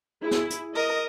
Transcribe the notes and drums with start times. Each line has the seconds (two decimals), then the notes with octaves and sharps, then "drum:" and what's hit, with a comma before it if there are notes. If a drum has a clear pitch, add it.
0.22 E4 G#4
0.31 drum: snare
0.50 drum: hi-hat
0.75 A#4 D#5